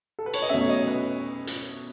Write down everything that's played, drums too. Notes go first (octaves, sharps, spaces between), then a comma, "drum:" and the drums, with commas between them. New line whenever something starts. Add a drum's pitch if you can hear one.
A4
B4
C#5, drum: cymbal
D#5
B2 F#3 A3 C#4 E5
C#5
D#5
B4
drum: hi-hat